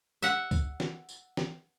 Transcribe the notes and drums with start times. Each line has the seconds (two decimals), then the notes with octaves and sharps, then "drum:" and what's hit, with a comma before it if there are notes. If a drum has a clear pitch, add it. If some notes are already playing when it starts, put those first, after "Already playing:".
0.22 E5 F#5
0.51 drum: kick, tambourine
0.80 drum: snare
1.09 drum: tambourine
1.37 drum: snare